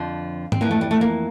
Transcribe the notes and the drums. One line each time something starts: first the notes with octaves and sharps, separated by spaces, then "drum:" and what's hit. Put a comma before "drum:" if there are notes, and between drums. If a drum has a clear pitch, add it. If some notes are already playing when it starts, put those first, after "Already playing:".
Already playing: F2 D3 F3 C4
C4, drum: tom G#2
F2 E3 A#3
A3
G3
A3
A#3